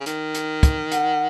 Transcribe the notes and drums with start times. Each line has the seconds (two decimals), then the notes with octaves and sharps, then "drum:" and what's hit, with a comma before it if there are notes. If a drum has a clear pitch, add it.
0.01 C#3
0.06 D#3, drum: hi-hat
0.35 drum: hi-hat
0.63 drum: kick, hi-hat
0.92 F#5, drum: hi-hat